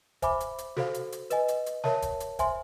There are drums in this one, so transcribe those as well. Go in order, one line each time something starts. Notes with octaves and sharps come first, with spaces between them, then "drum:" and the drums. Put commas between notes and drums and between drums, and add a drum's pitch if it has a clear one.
C5 E5 G#5 B5 D6, drum: kick E1, hi-hat
drum: hi-hat
drum: hi-hat
F#4 A4 C5 F5, drum: snare
drum: hi-hat
drum: hi-hat
B4 D#5 G#5, drum: hi-hat
drum: hi-hat
drum: hi-hat
A#4 C#5 E5 A5, drum: snare
drum: kick E1, hi-hat
drum: hi-hat
C5 E5 G#5 C6, drum: kick E1, hi-hat